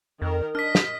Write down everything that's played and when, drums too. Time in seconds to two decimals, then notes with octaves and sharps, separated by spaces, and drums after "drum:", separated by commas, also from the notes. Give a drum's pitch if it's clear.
0.22 F2 D#3 A#4
0.55 D4 D#5 F6 B6
0.75 drum: snare